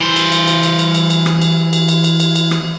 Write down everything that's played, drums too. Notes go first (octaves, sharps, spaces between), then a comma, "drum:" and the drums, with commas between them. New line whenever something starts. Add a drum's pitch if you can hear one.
E3 C5
drum: cymbal
drum: cymbal
drum: cymbal
drum: cymbal
drum: cymbal
drum: cymbal
drum: cymbal
drum: rim click
drum: cymbal
drum: cymbal
drum: cymbal
drum: cymbal
drum: cymbal
drum: cymbal
drum: rim click